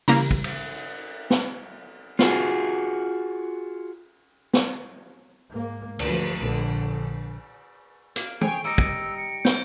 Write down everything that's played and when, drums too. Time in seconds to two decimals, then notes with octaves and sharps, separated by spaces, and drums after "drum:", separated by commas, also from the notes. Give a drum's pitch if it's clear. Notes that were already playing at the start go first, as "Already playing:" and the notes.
0.08 C#3 E3 G3 A#3 A#5, drum: open hi-hat
0.31 drum: kick
0.44 drum: cymbal
1.30 drum: snare
2.19 F4 F#4 G#4, drum: snare
4.54 drum: snare
5.52 G#2 A#3
5.99 D2 F3, drum: cymbal
6.38 A#1 D3
8.16 A#3, drum: hi-hat
8.41 G#4 C#5 G5 D7, drum: tom
8.64 G3 D#4 E6 A#6 C#7 D7
8.78 drum: kick
9.17 C#7
9.45 G6 D7, drum: snare